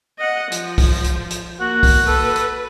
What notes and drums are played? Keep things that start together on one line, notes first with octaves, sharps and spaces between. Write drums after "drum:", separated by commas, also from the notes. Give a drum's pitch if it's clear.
D#5 F#5
F3, drum: hi-hat
drum: kick, open hi-hat
drum: hi-hat
drum: hi-hat
A#3 F#4
drum: kick, open hi-hat
A4 B4
drum: hi-hat